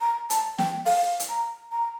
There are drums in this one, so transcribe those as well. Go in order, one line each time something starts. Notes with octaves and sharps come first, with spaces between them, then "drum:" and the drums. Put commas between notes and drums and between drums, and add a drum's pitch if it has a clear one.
A#5
A5, drum: hi-hat
G5, drum: snare
F5, drum: open hi-hat
drum: hi-hat
A#5
A#5